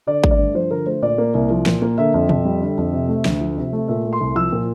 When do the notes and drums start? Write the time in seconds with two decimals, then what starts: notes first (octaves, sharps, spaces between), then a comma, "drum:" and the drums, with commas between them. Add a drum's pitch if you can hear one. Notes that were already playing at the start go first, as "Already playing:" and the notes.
0.07 D3 D5
0.24 A3, drum: kick
0.31 D5
0.39 G2
0.54 F3 C5
0.71 D3 A#4
0.86 A3 C5
1.02 A#2 D5
1.18 A#3
1.34 C2
1.50 F3
1.66 A#2, drum: snare
1.82 A#3
1.98 D3 E5
2.14 F2
2.29 F2, drum: tom
2.45 G3
2.61 D3
2.77 F2
2.93 C3
3.09 A3
3.25 D2, drum: snare
3.41 F3
3.57 C3
3.73 A3
3.88 A#2 E5
4.04 A3
4.13 C6
4.20 C2
4.36 F3 E6
4.52 A#2